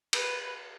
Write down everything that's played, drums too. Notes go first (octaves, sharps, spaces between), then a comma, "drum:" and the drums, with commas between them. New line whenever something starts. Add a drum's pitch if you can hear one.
B4, drum: cymbal